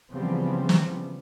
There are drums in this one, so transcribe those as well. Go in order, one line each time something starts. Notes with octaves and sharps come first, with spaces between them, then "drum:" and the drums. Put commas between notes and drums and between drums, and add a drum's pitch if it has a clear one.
C#3 E3 F3 G3 B3 C4
drum: snare